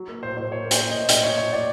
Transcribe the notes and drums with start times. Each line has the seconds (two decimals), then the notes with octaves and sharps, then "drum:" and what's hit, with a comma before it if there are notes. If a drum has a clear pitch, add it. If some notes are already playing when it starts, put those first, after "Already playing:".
Already playing: F#3
0.09 A#3
0.23 A2 C5
0.37 A2 C5
0.51 A#3 C#5
0.65 A#3
0.71 C5, drum: hi-hat
0.81 A#3
0.90 D#5
0.95 A2
1.09 A2 D#5, drum: hi-hat
1.23 F#3 C#5
1.38 A2 C#5
1.53 A2 D5